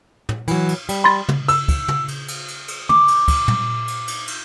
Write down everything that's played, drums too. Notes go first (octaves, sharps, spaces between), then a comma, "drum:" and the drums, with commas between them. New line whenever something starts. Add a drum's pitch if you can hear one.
drum: tom
E3 F#3, drum: cymbal
drum: cymbal
G3, drum: cymbal
B5 C6 A6
drum: tom
E6, drum: cymbal
drum: kick, cymbal
drum: tom
drum: cymbal
drum: cymbal
drum: cymbal
drum: cymbal
D6, drum: tom
drum: cymbal
drum: kick, cymbal
drum: tom
drum: cymbal
drum: cymbal
drum: cymbal